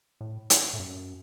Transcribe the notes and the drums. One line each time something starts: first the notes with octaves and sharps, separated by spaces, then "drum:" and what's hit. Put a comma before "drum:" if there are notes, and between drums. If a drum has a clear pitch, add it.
A2
drum: hi-hat
A2
F#2